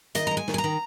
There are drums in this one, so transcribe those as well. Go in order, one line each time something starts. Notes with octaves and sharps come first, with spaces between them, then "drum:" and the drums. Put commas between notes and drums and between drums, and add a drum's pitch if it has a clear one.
D#3 D#5, drum: hi-hat
G#3 A#5
G#5
D#3, drum: snare
G#5
A#5
D#3